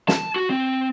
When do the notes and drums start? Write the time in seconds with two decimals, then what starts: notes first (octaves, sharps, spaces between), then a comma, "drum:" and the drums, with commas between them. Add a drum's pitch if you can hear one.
0.08 A5, drum: snare
0.36 F#4
0.50 C4